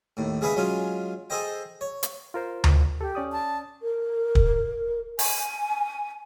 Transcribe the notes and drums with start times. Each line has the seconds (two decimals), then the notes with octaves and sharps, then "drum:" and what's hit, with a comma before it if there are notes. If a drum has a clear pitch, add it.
0.17 D#2 A2
0.41 C#3 G#3 G#4 B4 E5 F#5
0.56 F#3 G#3 C#4 F4
1.30 G#4 A4 C5 D#5 G5
1.81 C#5
2.03 drum: hi-hat
2.34 F4 A#4 C5
2.64 drum: tom D2
3.01 G4 A4
3.15 C#4 D5 D#6
3.32 A5
3.82 A#4
4.35 drum: kick
5.19 G#5, drum: open hi-hat